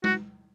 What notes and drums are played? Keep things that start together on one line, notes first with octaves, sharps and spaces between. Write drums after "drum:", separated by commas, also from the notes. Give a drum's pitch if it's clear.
F#4, drum: tom G#3